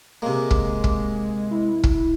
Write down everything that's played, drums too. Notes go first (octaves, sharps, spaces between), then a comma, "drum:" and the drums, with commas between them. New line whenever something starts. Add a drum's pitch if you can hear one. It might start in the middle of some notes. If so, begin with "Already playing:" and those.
C3 G#3 A#3 D6
drum: kick
drum: kick
E4
drum: kick